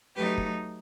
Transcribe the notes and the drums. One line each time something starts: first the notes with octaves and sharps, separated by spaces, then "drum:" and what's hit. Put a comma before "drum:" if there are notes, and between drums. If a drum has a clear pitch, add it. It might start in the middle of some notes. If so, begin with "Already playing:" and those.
F#3 A3 D#4 G4 B4
drum: kick